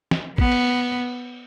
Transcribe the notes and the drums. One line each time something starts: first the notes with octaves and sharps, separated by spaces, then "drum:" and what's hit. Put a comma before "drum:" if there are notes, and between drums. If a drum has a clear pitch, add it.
drum: snare
B3, drum: kick
drum: cymbal